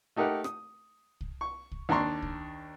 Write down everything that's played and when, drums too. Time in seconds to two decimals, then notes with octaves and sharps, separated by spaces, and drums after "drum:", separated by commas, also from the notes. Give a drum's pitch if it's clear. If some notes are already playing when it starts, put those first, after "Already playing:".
0.16 A3 D#4 G4 A#4 F#5
0.44 D#6, drum: rim click
1.21 drum: kick C2
1.41 C#6
1.72 drum: kick C2
1.89 D#2 D4 D5 A#5 C6 C#6
2.22 drum: kick C2